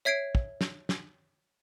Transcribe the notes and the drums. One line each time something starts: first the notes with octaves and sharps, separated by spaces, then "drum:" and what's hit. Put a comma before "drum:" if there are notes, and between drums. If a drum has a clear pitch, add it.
C#5 E5 G#6 C7 D7
drum: kick
drum: snare
drum: snare